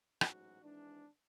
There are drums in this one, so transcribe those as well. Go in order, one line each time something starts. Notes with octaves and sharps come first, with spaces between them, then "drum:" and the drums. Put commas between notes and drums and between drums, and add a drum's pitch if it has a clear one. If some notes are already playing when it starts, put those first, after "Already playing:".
A1 G#2 F#3 F#4, drum: rim click
G#1 G#2 E3 D4